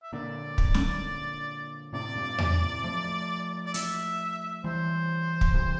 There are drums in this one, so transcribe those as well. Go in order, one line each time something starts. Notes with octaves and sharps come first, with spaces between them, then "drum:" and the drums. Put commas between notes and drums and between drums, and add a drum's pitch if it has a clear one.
E5
A#2 D3 D5
drum: kick
drum: snare
A2 C3 D5
G2 A#2
F2 A2, drum: tom E2
A2 C3
F3 A3
D5
E5, drum: hi-hat
E3 G3 C5
drum: kick
C3 E3